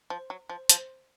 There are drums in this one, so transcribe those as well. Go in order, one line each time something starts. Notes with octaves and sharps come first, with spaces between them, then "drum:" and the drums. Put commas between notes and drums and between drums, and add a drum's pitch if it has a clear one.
F3
F#3
F3
F3, drum: hi-hat